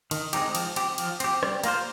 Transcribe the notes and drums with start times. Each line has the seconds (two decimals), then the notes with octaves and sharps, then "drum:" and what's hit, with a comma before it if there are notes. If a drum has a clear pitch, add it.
0.11 D#3, drum: cymbal
0.33 G#3 C4 D#4 G4, drum: cymbal
0.55 F3, drum: cymbal
0.76 C4 G4, drum: cymbal
0.98 F3, drum: cymbal
1.20 C4 G4, drum: cymbal
1.43 G3, drum: rim click
1.64 A#3 F4 C5, drum: cymbal